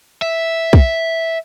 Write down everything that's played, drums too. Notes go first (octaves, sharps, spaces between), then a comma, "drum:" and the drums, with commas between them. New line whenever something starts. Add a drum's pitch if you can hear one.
E5
drum: kick